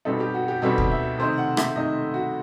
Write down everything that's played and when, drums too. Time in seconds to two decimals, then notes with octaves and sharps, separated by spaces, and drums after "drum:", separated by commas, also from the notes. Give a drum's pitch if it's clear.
0.05 B2 G3 C4 D#4 A4
0.20 G4
0.34 F#4
0.48 G4
0.62 B2 G3 C4 D#4 A4
0.78 drum: kick D2
0.91 E5
1.19 C3 D#3 A3 D#4 C5
1.38 F#5
1.57 E5, drum: rim click
1.76 C3 D#3 A3 D#4 D#5
2.14 F#4